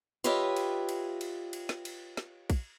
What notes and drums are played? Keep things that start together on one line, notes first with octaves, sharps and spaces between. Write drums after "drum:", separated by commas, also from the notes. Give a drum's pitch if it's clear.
F4 G4 B4 C#5 D#5 E5
drum: cymbal
drum: cymbal
drum: cymbal
drum: cymbal
drum: snare
drum: cymbal
drum: snare
drum: kick, cymbal